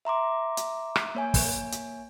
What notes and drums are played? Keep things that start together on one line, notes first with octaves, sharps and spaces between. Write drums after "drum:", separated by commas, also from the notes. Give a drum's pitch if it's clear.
E5 A#5 C6 D6
drum: hi-hat
drum: rim click
A#3 C#5 G#5
drum: kick, open hi-hat
drum: hi-hat